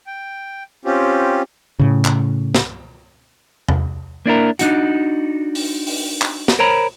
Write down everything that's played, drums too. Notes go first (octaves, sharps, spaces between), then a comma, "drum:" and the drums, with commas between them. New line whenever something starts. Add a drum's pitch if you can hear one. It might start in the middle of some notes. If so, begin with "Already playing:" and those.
G5
C4 C#4 F4 G4
A2 C#3
drum: clap
drum: snare
drum: tom E2
A#3 D4 E4 A#4
D4 D#4 F#4, drum: hi-hat
drum: open hi-hat
drum: open hi-hat
drum: clap
drum: snare
A#4 C5 C#5 A#5 B5